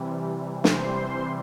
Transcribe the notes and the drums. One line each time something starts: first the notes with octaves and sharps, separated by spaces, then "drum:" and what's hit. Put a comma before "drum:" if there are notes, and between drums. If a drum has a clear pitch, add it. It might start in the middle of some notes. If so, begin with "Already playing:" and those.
Already playing: C3 E3 G3
C3 E3 G3 C5 C6, drum: snare